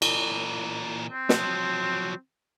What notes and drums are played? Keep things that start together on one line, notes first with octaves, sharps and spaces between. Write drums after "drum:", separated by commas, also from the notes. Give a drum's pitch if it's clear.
A#2 E3, drum: cymbal
C4
F3 F#3, drum: snare